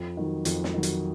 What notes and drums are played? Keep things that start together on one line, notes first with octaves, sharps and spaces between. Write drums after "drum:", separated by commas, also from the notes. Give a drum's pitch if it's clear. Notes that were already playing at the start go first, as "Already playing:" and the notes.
Already playing: F2
D#3 F#3
F2, drum: hi-hat
drum: snare
D#3 F#3
drum: hi-hat